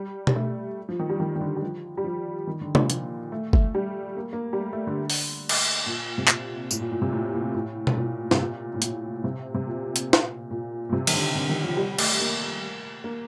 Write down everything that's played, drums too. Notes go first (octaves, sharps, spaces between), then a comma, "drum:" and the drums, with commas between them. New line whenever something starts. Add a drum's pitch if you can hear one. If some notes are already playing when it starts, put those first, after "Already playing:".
Already playing: G3
G3, drum: tom B2
A3
F3
D#3
G3
D#3
D#3
D3
G3
F3
G3
F3
D#3
D3
A#2, drum: tom
F3, drum: hi-hat
A3
A3, drum: kick
G3
A#3
A#3
G3
A3
A3
D3
drum: open hi-hat
drum: cymbal
A#2
C3
A#2, drum: clap
A2, drum: tambourine
A#2
A#2
C3
A2
A#2
A2
drum: tom B2
A#2
C3, drum: snare
A#2
A2
A#2, drum: hi-hat
C3
C3
A#2
drum: hi-hat
drum: snare
A#2
A#2
C3
D#3, drum: cymbal
D3
D3
D#3
F3
G3
A3, drum: cymbal
A#3
A#3